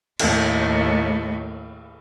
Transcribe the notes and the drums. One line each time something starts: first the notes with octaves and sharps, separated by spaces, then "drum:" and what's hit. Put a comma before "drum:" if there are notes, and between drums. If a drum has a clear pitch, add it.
D#2 A2, drum: cymbal